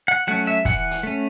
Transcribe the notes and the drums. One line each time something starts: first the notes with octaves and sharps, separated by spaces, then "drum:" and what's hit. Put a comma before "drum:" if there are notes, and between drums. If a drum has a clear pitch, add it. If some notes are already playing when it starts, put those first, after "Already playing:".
F#5
F#3 A3 C#4 F#5
E5
E3 F#5, drum: kick, hi-hat
drum: hi-hat
A3 C#4